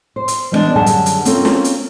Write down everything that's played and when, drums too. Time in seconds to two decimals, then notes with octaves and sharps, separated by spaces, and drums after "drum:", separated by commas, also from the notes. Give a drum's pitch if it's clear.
0.16 C5
0.28 drum: hi-hat
0.52 E3 G3 G#3 A#3 B3 D4
0.75 F#2 D3 G3 G#4 F#5 A5
0.86 drum: hi-hat
1.06 drum: hi-hat
1.25 A#3 C4 C#4 F4 A4, drum: hi-hat
1.45 drum: snare
1.64 drum: hi-hat